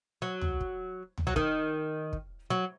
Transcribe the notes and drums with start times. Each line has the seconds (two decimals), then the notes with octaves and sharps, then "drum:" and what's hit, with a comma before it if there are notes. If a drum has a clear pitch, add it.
0.22 F#3
0.41 drum: tom
0.60 drum: kick
1.18 drum: tom
1.27 F#3
1.36 D#3, drum: kick
2.13 drum: kick
2.50 F#3